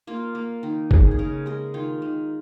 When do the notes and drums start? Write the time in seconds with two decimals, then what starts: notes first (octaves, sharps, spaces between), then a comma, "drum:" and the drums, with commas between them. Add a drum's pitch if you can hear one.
0.07 A#3 F4
0.35 A#3
0.63 D#3
0.91 C#3 G#4, drum: kick
1.11 G#4
1.19 C#3 A#4
1.46 G#3 G#4
1.74 D#3 F4
2.02 D#3